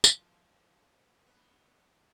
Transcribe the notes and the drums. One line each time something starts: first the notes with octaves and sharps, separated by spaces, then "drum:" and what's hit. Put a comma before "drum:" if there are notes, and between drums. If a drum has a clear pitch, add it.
F3, drum: tambourine
B3